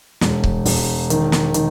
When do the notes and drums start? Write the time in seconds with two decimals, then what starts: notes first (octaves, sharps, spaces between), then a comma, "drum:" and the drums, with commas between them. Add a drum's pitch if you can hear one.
0.21 E1, drum: snare
0.44 drum: kick C#1
0.65 E1, drum: open hi-hat
1.10 D#3, drum: hi-hat
1.32 drum: snare
1.54 D#3, drum: hi-hat